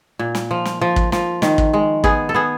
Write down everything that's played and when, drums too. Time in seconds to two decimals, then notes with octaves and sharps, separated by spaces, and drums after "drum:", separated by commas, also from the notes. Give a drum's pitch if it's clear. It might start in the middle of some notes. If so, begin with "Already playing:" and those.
0.19 A#2
0.35 drum: snare
0.51 F3
0.65 drum: snare
0.81 F3
0.96 drum: kick
1.12 F3, drum: snare
1.42 D#3, drum: snare
1.58 drum: kick
1.73 G#3
2.04 B3 G#4, drum: kick
2.29 A4
2.35 B3 G#4